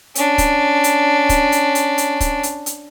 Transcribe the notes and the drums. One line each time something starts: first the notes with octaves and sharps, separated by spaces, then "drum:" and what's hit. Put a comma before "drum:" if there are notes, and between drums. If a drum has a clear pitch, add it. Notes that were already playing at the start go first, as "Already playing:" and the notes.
C#4 D4, drum: hi-hat
drum: kick, hi-hat
drum: hi-hat
drum: kick, hi-hat
drum: hi-hat
drum: hi-hat
drum: hi-hat
drum: kick, hi-hat
drum: hi-hat
drum: hi-hat